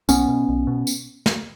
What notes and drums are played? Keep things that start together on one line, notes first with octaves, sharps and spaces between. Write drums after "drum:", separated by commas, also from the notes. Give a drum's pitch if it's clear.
B1 B3 C#4, drum: tambourine
B2
B1
B2
drum: tambourine
drum: snare